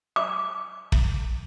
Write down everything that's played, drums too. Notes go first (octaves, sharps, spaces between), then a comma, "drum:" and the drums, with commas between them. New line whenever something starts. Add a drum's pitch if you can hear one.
D6
drum: kick